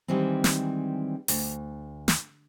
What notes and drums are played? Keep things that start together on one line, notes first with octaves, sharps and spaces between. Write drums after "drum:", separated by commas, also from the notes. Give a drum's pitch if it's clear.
D#3 E3 G3 G#3 C4
drum: snare
D2, drum: open hi-hat
drum: snare